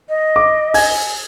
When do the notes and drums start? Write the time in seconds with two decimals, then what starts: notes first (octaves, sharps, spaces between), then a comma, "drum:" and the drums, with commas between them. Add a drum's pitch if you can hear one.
0.09 D#5
0.36 D6
0.74 G#5 G#6, drum: open hi-hat